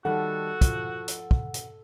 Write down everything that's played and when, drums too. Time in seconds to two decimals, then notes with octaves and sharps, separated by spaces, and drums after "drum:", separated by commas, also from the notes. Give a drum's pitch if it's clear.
0.05 D#3 G3 F#4 A4 F#5
0.61 F3, drum: kick, hi-hat
1.08 drum: hi-hat
1.31 drum: kick
1.54 drum: hi-hat